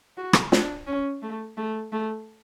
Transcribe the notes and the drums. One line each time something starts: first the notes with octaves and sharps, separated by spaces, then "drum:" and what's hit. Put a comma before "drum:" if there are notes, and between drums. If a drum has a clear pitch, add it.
F#4
drum: rim click
D4, drum: snare
C#4
A3
A3
A3